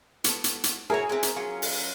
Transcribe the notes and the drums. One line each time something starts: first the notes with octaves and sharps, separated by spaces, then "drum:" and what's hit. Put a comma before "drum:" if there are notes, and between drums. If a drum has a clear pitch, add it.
B3 A4, drum: hi-hat
drum: hi-hat
drum: hi-hat
E4 F#4 G#4 A#4 C#5 G#5
G#3 A3 C4
drum: hi-hat
F#3 C#4 F4
drum: open hi-hat